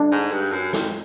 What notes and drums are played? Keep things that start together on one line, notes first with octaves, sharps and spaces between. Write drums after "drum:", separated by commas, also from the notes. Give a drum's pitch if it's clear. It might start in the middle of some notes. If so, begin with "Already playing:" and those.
Already playing: D4
G#2
G2
F#2
F2, drum: snare